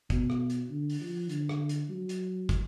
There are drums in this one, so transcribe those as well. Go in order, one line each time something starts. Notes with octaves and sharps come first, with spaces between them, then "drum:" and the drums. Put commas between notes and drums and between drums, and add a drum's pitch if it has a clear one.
B2, drum: kick, hi-hat
drum: rim click
drum: hi-hat
D3
drum: open hi-hat
F3
D3, drum: hi-hat
drum: rim click
drum: hi-hat
F#3
drum: hi-hat
drum: kick, hi-hat